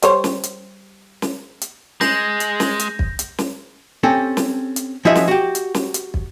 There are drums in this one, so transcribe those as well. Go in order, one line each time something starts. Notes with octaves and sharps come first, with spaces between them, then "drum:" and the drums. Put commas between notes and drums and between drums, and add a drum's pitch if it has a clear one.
G3 C5 C#5, drum: hi-hat
drum: snare
drum: hi-hat
drum: snare
drum: hi-hat
G#3 G6 A#6, drum: snare
drum: hi-hat
drum: snare
drum: hi-hat
drum: kick
drum: hi-hat
drum: snare
C4 C#4 G4 A4
drum: snare
drum: hi-hat
F3 E4 F#4 G#4 D#5 E5
drum: snare
F#4 G4
drum: hi-hat
drum: snare
drum: hi-hat
drum: kick